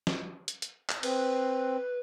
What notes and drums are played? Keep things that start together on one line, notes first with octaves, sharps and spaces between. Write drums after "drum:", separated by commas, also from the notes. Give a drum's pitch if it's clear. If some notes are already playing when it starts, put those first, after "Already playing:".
drum: snare
drum: hi-hat
drum: hi-hat
drum: clap
C4 B4, drum: cymbal